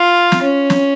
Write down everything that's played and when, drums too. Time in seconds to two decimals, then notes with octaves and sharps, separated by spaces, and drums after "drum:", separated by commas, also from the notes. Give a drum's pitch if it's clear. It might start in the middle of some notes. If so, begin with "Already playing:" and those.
Already playing: F4
0.32 drum: snare
0.42 C#4
0.70 drum: snare